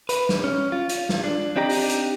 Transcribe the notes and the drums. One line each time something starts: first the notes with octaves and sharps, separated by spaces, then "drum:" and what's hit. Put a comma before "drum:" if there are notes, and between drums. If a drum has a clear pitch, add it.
B4, drum: hi-hat
drum: snare
C#4
F4
drum: hi-hat
drum: snare
D4
C4 D4 D#4 G4 C5 A#5
drum: open hi-hat
drum: hi-hat